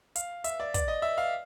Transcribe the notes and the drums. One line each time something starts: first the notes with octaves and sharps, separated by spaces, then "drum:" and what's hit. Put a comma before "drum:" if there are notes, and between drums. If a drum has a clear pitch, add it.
F5, drum: hi-hat
E5, drum: hi-hat
D5
D5, drum: kick, hi-hat
D#5
E5
F5